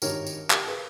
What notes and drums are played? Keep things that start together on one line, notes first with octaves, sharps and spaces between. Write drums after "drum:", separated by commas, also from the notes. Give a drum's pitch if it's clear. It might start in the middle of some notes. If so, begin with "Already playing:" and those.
G#1 G2 D#3 G3 A#4 C#5, drum: tambourine
drum: tambourine
G4 A#4, drum: clap
G#4 B4